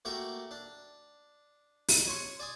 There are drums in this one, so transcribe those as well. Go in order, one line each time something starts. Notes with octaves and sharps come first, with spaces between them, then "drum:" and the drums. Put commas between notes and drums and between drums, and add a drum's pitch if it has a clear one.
A3 A#3 F#4 G4
D4
drum: open hi-hat
C#5 C6 C#6
D5 G#5 D#6